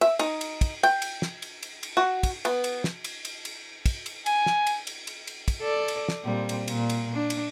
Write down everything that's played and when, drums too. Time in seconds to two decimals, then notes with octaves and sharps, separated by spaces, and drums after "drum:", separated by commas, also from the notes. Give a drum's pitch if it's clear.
0.01 E5, drum: cymbal
0.19 D#4, drum: cymbal
0.41 drum: cymbal
0.61 drum: kick, cymbal
0.83 G5, drum: cymbal
1.02 drum: cymbal
1.22 drum: snare
1.42 drum: cymbal
1.63 drum: cymbal
1.83 drum: cymbal
1.97 F#4
2.23 drum: kick, cymbal
2.45 B3, drum: cymbal
2.64 drum: cymbal
2.84 drum: snare
3.04 drum: cymbal
3.25 drum: cymbal
3.45 drum: cymbal
3.86 drum: kick, cymbal
4.06 drum: cymbal
4.26 G#5, drum: cymbal
4.46 drum: snare
4.67 drum: cymbal
4.87 drum: cymbal
5.07 drum: cymbal
5.27 drum: cymbal
5.48 drum: kick, cymbal
5.60 A4 D5
5.88 drum: cymbal
6.09 drum: snare
6.24 A#2 G3 C4
6.49 drum: cymbal
6.68 A#2, drum: cymbal
6.90 drum: cymbal
7.13 D4
7.30 drum: cymbal